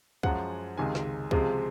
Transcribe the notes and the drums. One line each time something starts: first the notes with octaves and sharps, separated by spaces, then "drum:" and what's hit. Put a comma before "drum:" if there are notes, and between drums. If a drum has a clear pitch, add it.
F#2 F3 G#3 F#5, drum: kick
C#2 C3 D#3 G#3 G#5
drum: snare
C#2 C3 F3 G#3, drum: kick